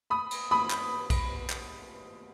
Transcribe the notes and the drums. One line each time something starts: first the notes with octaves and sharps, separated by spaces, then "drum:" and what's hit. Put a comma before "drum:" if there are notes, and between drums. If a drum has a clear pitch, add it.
B5 D#6
drum: cymbal
B5 D#6
drum: clap
drum: kick, cymbal
drum: clap